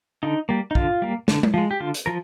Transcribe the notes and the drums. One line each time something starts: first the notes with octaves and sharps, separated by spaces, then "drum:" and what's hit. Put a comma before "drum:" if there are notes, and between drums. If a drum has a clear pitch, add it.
D3 D#4
G3 A#3
D#4
D3 F4, drum: kick
G3 A#3
D3, drum: snare
drum: tom G#3
F3 G#3
G4
D3 F4
drum: hi-hat
F3 A#4